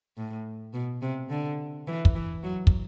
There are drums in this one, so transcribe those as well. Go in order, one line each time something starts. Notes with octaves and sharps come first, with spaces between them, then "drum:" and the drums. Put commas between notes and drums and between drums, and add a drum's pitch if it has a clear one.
A2
B2
C3
D3
E3
drum: kick
E3
F#3
drum: kick